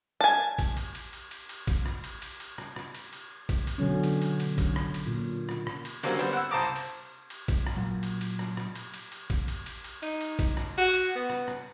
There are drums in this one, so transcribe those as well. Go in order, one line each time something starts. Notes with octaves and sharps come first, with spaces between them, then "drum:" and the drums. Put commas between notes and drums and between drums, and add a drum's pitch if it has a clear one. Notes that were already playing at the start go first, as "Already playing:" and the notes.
G#5 A5
drum: kick, cymbal
drum: cymbal
drum: cymbal
drum: cymbal
drum: cymbal
drum: cymbal
drum: kick, cymbal
drum: rim click
drum: cymbal
drum: cymbal
drum: cymbal
drum: rim click
drum: rim click
drum: cymbal
drum: cymbal
drum: kick, cymbal
drum: cymbal
B2 D3 F#3 C#4
drum: cymbal
drum: cymbal
drum: cymbal
drum: kick, cymbal
drum: rim click
drum: cymbal
A#2
drum: rim click
drum: rim click
drum: cymbal
D3 F#3 G3 A#3 C4 C#4, drum: cymbal
G3 B3 C5, drum: cymbal
F#5 E6
C2 C5 A5 A#5 D6 D#6
drum: cymbal
drum: cymbal
drum: kick, cymbal
drum: rim click
A#2 F#3
drum: cymbal
drum: cymbal
drum: rim click
drum: rim click
drum: cymbal
drum: cymbal
drum: cymbal
drum: kick, cymbal
drum: cymbal
drum: cymbal
drum: cymbal
D#4, drum: cymbal
drum: cymbal
drum: kick, cymbal
drum: rim click
F#4, drum: cymbal
drum: cymbal
B3
drum: rim click
drum: rim click